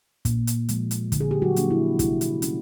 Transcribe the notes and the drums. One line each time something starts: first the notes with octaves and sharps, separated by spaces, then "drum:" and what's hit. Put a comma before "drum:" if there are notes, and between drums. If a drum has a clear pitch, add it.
A#2, drum: kick, hi-hat
drum: hi-hat
F3 G#3, drum: hi-hat
drum: hi-hat
D3, drum: kick, hi-hat
G#4
G4
F#3 F#4
F3 A#3 D4, drum: hi-hat
E4
C3 E4, drum: kick, hi-hat
drum: hi-hat
A3 C#4, drum: hi-hat